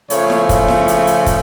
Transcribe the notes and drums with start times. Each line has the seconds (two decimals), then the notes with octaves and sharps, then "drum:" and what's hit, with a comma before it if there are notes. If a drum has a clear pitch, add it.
0.10 C#3 F3 A3 C#5, drum: hi-hat
0.30 drum: snare E4
0.49 drum: kick, hi-hat
0.68 drum: snare E4
0.88 drum: hi-hat
1.07 drum: hi-hat
1.26 drum: kick, hi-hat